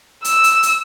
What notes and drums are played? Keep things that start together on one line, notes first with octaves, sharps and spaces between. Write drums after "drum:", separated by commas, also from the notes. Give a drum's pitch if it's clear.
E6, drum: hi-hat
drum: hi-hat
drum: hi-hat